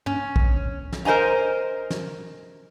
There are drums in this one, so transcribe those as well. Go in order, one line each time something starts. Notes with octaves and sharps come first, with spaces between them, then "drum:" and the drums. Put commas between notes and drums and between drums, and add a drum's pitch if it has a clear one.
C#4, drum: tom
drum: kick
drum: snare
A#4 C5 D#5 G#5 A#5
drum: snare